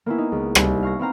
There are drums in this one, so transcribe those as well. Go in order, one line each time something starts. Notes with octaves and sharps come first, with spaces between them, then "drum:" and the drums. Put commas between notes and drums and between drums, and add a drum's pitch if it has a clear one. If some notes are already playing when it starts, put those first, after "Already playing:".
A#3 B3 C#4 E4
D#4
C#2
C2 C5, drum: rim click
F5 C#6 A#6
B3 C4 F5 A#5